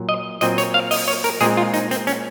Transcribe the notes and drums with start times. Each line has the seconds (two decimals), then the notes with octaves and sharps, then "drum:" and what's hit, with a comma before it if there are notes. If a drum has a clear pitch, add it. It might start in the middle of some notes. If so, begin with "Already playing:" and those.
Already playing: A#2 F#3
0.09 D#5
0.41 A#2 F#3 C4 D#5, drum: hi-hat
0.58 C#5, drum: hi-hat
0.74 F5
0.91 D#5, drum: open hi-hat
1.08 C#5
1.24 A#4, drum: hi-hat
1.41 A#2 G#3 C4 G#4, drum: hi-hat
1.57 F4
1.74 D#4, drum: hi-hat
1.91 C4, drum: hi-hat
2.07 C#4, drum: hi-hat